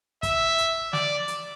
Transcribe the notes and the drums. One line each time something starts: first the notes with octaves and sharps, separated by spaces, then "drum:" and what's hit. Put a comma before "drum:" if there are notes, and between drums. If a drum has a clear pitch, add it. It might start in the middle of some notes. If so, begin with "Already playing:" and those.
E5, drum: kick, hi-hat
drum: hi-hat
D5, drum: snare
drum: hi-hat